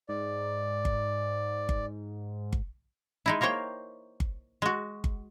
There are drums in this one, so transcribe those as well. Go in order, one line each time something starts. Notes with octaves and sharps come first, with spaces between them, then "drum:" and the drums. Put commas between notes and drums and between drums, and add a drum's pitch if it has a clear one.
G#2 D5
drum: kick G1
drum: kick G1
drum: kick G1
G#3 D#4 E4
A#3 A#4 C5 C#5 G5
drum: kick G1
G#3 F#4
drum: kick G1